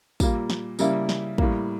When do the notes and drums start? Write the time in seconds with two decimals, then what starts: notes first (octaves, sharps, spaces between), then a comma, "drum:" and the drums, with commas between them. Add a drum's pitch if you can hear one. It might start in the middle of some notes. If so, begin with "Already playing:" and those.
0.20 A#2 G3 A#3, drum: kick, tambourine
0.50 drum: snare
0.79 C#3 G3 A#3 E4, drum: tambourine
1.09 drum: snare
1.38 A2 G3 A#3, drum: kick